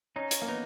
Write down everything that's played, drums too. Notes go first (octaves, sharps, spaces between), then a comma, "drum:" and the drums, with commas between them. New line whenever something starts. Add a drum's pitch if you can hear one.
C#4 D#4
drum: hi-hat
A#3
B3 D#4